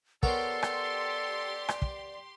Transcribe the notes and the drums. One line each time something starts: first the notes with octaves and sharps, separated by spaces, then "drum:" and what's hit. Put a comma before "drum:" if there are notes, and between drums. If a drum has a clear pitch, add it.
B3 G4 A4 A#4 C#5 D5 C6, drum: kick
drum: rim click
drum: rim click
drum: kick